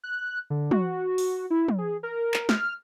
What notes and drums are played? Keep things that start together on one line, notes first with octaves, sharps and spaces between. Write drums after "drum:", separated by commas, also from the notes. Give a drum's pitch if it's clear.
F#6
D3
F#4, drum: tom
drum: open hi-hat
E4
drum: tom
G#4
A#4
drum: clap
F6, drum: snare